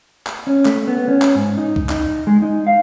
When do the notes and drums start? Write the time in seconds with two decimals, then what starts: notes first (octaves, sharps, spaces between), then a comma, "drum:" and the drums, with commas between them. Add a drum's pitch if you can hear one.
0.27 drum: clap
0.47 C#4
0.65 A3, drum: clap
0.88 B3
1.08 C#4
1.22 drum: clap
1.35 G#2
1.57 D#4
1.76 drum: kick C2
1.89 D#4, drum: clap
2.27 G#3
2.42 D#4
2.67 F5